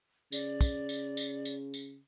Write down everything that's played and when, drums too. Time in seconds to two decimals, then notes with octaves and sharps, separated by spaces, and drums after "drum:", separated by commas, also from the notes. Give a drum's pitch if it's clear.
0.32 C#3 D5, drum: tambourine
0.61 drum: kick, tambourine
0.89 drum: tambourine
1.17 drum: tambourine
1.45 drum: tambourine
1.74 drum: tambourine